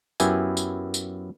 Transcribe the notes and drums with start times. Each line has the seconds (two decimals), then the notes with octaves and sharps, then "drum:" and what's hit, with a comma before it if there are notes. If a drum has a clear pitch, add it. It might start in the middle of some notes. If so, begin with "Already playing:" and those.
0.20 F#2 B3 E4 G4 G#5, drum: tambourine
0.57 drum: tambourine
0.94 drum: tambourine